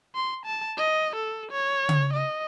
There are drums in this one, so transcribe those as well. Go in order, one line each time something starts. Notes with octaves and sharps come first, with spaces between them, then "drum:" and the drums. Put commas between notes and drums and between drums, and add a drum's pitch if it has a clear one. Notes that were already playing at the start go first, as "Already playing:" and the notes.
C6
A5
D#5
A4
C#5
drum: tom C#3
D#5